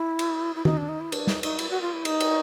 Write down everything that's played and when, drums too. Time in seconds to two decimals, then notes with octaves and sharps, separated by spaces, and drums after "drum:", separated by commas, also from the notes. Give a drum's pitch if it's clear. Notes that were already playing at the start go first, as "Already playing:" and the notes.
Already playing: E4
0.19 drum: cymbal
0.55 E4
0.65 D#4, drum: tom D#3
0.77 D4
0.89 D#4
1.00 E4
1.12 D4, drum: cymbal
1.27 D#4, drum: snare
1.43 D#4, drum: cymbal
1.59 E4, drum: cymbal
1.70 F#4
1.82 F4
1.93 E4
2.05 D#4, drum: cymbal
2.20 drum: cymbal